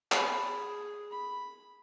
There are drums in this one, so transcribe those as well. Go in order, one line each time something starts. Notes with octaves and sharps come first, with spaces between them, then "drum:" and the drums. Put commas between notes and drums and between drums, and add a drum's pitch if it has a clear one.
A5 B5, drum: clap
G#4
B5